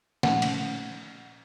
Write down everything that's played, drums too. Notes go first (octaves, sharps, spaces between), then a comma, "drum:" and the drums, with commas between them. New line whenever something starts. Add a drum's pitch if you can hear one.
A#2 F3 A3 C#4 F#5, drum: snare
drum: cymbal